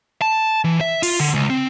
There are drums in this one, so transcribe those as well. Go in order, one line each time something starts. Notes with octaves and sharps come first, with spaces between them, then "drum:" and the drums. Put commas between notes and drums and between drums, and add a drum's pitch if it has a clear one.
A5
E3
E5
F4, drum: open hi-hat
D3
C#2
C4